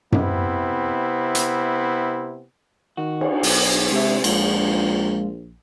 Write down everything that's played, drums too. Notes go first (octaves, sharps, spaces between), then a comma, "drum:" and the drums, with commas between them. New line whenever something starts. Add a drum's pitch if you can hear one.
C3 B3 C4 E4, drum: tom F#2
drum: hi-hat
D#3 F#4
drum: cymbal
B1, drum: open hi-hat
C3 G#3 E5
A#1 G#3 F4, drum: cymbal